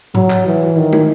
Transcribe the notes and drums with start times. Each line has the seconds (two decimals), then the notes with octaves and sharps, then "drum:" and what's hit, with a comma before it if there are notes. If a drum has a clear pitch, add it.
0.15 F#3, drum: tom G#2
0.30 drum: clap
0.46 E3
0.76 D#3
0.93 drum: tom